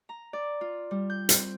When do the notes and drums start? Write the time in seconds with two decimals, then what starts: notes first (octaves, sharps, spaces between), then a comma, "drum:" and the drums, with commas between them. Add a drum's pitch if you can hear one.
0.09 A#5
0.33 D5
0.61 F4
0.91 G3
1.10 G6
1.29 C4, drum: hi-hat